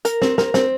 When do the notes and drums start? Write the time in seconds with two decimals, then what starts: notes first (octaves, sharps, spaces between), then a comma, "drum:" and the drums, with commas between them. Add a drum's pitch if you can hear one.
0.05 A#4, drum: hi-hat
0.22 C4, drum: snare
0.38 A#4, drum: snare
0.54 C4, drum: snare